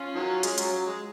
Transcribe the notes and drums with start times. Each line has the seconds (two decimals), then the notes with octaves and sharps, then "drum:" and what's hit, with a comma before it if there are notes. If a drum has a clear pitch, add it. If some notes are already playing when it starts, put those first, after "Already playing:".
Already playing: C#4 F4
0.16 D#3 F#3
0.43 G#3, drum: hi-hat
0.58 F#3, drum: hi-hat
0.72 F#3
0.86 G#3